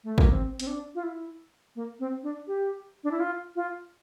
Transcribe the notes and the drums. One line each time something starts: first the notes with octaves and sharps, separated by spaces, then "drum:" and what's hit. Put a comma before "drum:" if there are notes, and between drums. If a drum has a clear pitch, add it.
A3
A#3, drum: kick
C4
C4, drum: hi-hat
D4
F4
E4
A#3
C4
D4
G4
D4
E4
F4
F4